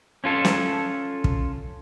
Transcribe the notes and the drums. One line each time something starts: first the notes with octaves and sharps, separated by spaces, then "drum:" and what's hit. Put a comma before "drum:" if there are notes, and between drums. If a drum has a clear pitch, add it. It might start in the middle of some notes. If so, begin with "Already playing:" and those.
C#4 F4 A4
drum: snare
drum: kick